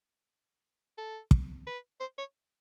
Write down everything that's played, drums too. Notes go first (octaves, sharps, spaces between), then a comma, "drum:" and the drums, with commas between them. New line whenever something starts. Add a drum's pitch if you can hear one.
A4
drum: kick
B4
C5
C#5